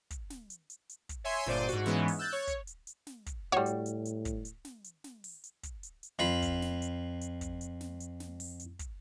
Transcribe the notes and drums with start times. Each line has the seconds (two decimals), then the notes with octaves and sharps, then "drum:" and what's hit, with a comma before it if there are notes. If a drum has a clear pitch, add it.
0.10 drum: kick, hi-hat
0.30 drum: snare
0.50 drum: hi-hat
0.70 drum: hi-hat
0.89 drum: hi-hat
1.09 drum: kick, hi-hat
1.24 C#5 E5 G#5 C6 G#6
1.46 G1 A#2 C5 D5 D#7, drum: snare
1.68 G#2 F#4, drum: hi-hat
1.86 G#2 E3 G#3 B3 C#4, drum: snare
2.08 drum: open hi-hat
2.19 E6 F#6 G6 A6
2.32 C#5
2.47 drum: kick, hi-hat
2.67 drum: hi-hat
2.87 drum: hi-hat
3.07 drum: snare
3.26 drum: kick, hi-hat
3.52 A2 G3 F#4 C#5
3.66 drum: hi-hat
3.86 drum: hi-hat
4.05 drum: hi-hat
4.25 drum: kick, hi-hat
4.45 drum: hi-hat
4.65 drum: snare
4.84 drum: hi-hat
5.04 drum: snare
5.24 drum: open hi-hat
5.44 drum: hi-hat
5.63 drum: kick, hi-hat
5.83 drum: hi-hat
6.03 drum: hi-hat
6.19 F2 F4 B5
6.42 drum: kick, hi-hat
6.62 drum: snare
6.82 drum: hi-hat
7.21 drum: hi-hat
7.41 drum: kick, hi-hat
7.61 drum: hi-hat
7.81 drum: snare
8.00 drum: hi-hat
8.20 drum: snare
8.40 drum: open hi-hat
8.60 drum: hi-hat
8.79 drum: kick, hi-hat